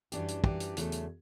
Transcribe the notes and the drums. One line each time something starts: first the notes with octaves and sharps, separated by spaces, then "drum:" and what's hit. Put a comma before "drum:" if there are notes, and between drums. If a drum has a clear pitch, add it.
F#2 E3 G3 D4 G4, drum: hi-hat
drum: hi-hat
F#2 E3 G3 D4 G4, drum: kick
drum: hi-hat
E2 C#3 F#3 A3, drum: hi-hat
drum: hi-hat